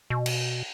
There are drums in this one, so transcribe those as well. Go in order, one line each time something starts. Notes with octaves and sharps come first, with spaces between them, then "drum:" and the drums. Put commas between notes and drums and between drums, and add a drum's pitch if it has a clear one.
B2
drum: cymbal